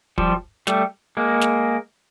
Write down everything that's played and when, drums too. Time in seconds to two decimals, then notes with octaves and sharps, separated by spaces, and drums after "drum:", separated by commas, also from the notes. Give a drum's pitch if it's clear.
0.18 F3 G3, drum: kick
0.67 G3 A3, drum: snare
1.17 G#3 A#3
1.41 drum: snare